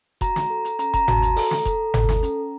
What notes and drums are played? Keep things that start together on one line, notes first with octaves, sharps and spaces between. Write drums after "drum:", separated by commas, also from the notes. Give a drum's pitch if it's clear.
F#4 A#5, drum: kick F1, hi-hat
drum: snare
A4
drum: hi-hat
C#4 A#5, drum: hi-hat
A#5, drum: kick F1, hi-hat
F#4 A5, drum: tom G1
A#5, drum: hi-hat
A4, drum: open hi-hat
drum: snare
A4, drum: kick F1, hi-hat
A4, drum: tom G1
drum: snare
C#4, drum: hi-hat